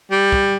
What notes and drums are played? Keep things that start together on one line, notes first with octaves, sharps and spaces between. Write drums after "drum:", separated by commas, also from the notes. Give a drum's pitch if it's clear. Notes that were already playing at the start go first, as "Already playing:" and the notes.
G3
drum: kick